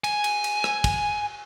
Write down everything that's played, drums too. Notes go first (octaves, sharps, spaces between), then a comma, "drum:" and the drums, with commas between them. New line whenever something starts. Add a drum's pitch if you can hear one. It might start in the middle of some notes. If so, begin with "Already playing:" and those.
G#5, drum: cymbal
drum: cymbal
drum: cymbal
drum: rim click
drum: kick, cymbal